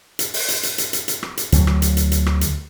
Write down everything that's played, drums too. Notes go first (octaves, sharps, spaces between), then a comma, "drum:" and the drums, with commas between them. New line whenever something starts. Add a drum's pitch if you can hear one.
drum: hi-hat
drum: open hi-hat
drum: hi-hat
drum: hi-hat
drum: hi-hat
drum: hi-hat
drum: hi-hat
drum: rim click
drum: hi-hat
D2 F#3, drum: hi-hat
drum: rim click
drum: hi-hat
drum: hi-hat
drum: hi-hat
drum: rim click
drum: hi-hat